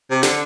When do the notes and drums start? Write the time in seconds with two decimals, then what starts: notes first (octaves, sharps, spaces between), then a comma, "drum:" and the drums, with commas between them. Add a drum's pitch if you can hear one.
0.11 C3
0.23 D3, drum: snare